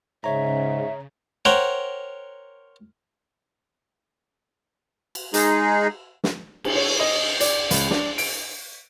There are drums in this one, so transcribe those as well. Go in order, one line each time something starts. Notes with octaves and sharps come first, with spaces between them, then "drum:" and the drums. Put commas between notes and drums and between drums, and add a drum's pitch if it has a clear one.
G#2 C#3 C#5 E5 A#5
A#4 C5 C#5 F#5 G5
drum: cymbal
G#3 D#4 G#4, drum: hi-hat
drum: snare
drum: cymbal
C#5
D#5
D5, drum: hi-hat
C#2, drum: hi-hat
D4, drum: snare
D7, drum: open hi-hat